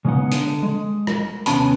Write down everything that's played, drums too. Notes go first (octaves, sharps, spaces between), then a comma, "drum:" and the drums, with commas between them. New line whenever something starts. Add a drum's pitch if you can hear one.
C#3 G#3 B3 D#4 F#5
D3, drum: hi-hat
G#3
drum: rim click
D#2 C3 B3 C#4 A5 B5, drum: hi-hat